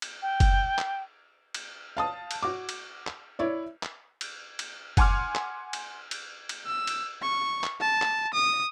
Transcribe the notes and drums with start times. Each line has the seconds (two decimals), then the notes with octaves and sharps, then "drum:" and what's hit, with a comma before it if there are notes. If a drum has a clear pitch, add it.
0.02 drum: cymbal
0.22 G5
0.40 drum: kick F#1, cymbal
0.78 drum: clap
1.54 drum: cymbal
1.97 F5 A5 D#6
2.31 drum: cymbal
2.43 F#4 D6
2.69 drum: cymbal
3.07 drum: clap
3.39 E4 C#5 D5
3.83 drum: clap
4.21 drum: cymbal
4.59 drum: cymbal
4.97 F#5 G#5 C6 D6 F6, drum: kick F#1, cymbal
5.35 drum: clap
5.73 drum: cymbal
6.11 drum: cymbal
6.49 drum: cymbal
6.66 E6
6.87 drum: cymbal
7.22 C#6
7.64 drum: clap
7.80 A5
8.02 drum: clap
8.33 D#6